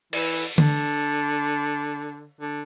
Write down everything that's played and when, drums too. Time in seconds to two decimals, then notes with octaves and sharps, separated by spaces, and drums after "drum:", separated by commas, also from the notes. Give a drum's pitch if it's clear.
0.13 E3, drum: cymbal
0.32 drum: open hi-hat
0.58 D3, drum: tom D3
2.41 D3